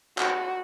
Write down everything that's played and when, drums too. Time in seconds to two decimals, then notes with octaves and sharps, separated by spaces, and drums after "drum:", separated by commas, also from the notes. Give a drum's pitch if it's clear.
0.18 F#4, drum: clap